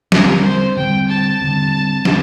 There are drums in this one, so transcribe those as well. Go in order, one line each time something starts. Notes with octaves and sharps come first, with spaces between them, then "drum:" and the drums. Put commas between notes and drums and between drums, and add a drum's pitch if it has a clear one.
D3 G3 C4 A#4, drum: snare
C5
D3 G3 C4 G5
A5
D3 G3 C4
D3 G3 C4, drum: snare